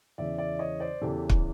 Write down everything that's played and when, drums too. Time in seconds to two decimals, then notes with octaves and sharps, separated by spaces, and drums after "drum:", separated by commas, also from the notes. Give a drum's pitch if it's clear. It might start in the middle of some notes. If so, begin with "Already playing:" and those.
0.18 E2 C#3 E3 D5 E5
0.38 D5 E5
0.59 C#5 D#5
0.80 C5 D5
1.01 E2 C#3 E3 G4 A4
1.30 drum: kick